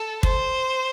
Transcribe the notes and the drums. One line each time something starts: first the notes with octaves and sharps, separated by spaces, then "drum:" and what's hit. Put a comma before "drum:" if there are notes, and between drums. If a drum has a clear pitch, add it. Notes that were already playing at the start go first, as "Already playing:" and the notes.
Already playing: A4
C5, drum: kick